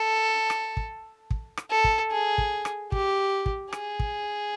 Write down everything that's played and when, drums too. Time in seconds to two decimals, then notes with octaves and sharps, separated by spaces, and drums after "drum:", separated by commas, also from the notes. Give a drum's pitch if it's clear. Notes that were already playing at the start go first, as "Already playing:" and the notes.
Already playing: A4
0.50 drum: rim click
0.77 drum: kick
1.31 drum: kick
1.57 drum: rim click
1.71 A4
1.84 drum: kick
2.11 G#4
2.38 drum: kick
2.65 drum: rim click
2.92 G4, drum: kick
3.46 drum: kick
3.73 G#4, drum: rim click
4.00 drum: kick